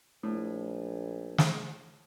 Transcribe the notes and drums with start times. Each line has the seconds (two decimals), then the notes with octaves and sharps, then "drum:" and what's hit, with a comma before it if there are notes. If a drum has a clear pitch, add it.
0.23 A#1 A2
1.38 drum: snare